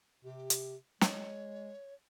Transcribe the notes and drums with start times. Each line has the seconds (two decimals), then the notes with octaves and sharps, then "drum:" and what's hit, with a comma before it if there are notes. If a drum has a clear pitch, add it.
0.25 C3 G4
0.50 drum: hi-hat
1.01 G#3 C#5, drum: snare